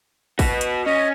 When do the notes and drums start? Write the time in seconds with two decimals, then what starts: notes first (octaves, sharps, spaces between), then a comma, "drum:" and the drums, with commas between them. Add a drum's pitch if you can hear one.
0.39 F#4 B4, drum: kick, open hi-hat
0.61 drum: hi-hat
0.86 C#4 D#5